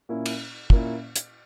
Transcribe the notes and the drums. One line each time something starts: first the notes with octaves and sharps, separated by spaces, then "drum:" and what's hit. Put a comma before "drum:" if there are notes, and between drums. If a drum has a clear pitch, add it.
A#2 A#3 C#4 E4
drum: cymbal
A#2 A#3 C#4 E4, drum: kick
drum: hi-hat